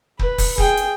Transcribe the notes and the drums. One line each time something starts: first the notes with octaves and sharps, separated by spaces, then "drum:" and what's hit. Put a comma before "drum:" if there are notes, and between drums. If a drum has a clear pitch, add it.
B4, drum: kick
drum: kick, open hi-hat
G#4 G5, drum: kick
drum: hi-hat